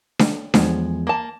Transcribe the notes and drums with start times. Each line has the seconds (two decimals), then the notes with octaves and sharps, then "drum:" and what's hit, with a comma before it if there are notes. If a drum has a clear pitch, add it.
0.19 drum: snare D4
0.54 E2 F3 G#3, drum: snare D4
1.07 A#3 A5